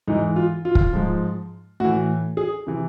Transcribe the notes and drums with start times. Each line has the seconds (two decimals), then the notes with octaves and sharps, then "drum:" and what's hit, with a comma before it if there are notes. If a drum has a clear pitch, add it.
0.07 G#2 E3 D#4
0.36 F4
0.65 F4
0.75 drum: kick
0.93 G#2 F3
1.80 A2 E3 F#4
2.37 G#4
2.67 C3 E3